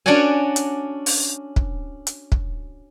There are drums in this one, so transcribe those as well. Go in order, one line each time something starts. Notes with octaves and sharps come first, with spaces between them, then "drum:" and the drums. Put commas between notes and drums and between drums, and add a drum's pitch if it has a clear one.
C#4 D4 F#4 D5 F#5 G#5
drum: hi-hat
drum: open hi-hat
drum: kick
drum: hi-hat
drum: kick